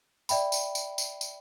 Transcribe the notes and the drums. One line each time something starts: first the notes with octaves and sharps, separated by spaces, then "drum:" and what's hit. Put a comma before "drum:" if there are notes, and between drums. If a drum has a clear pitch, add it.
D5 E5 G5 B5, drum: tambourine
drum: tambourine
drum: tambourine
drum: tambourine
drum: tambourine